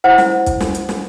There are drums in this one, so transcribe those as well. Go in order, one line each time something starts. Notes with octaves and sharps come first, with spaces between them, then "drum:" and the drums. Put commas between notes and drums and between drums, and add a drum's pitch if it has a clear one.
E4 C5 F#5
drum: snare
drum: kick, hi-hat
drum: snare
drum: hi-hat
drum: snare